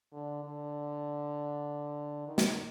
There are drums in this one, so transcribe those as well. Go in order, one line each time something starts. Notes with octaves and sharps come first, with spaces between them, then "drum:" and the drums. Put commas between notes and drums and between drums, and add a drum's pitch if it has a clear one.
D3
D3
D#3
drum: snare